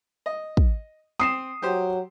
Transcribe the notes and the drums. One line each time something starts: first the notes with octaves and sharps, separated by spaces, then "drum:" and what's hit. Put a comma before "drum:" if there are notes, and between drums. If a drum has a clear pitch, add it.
D#5
drum: kick
C4 D#6 C7 E7
F#3 G4 C5